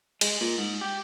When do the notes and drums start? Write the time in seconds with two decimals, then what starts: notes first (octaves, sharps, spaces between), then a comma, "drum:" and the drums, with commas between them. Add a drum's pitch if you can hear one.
0.21 G#3, drum: cymbal
0.41 A#2
0.58 G#2
0.81 G4